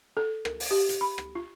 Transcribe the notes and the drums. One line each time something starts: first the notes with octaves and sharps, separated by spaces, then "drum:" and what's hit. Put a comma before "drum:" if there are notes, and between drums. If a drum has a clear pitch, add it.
A4
A#4, drum: rim click
drum: open hi-hat
G4
drum: hi-hat
B5
drum: rim click
F4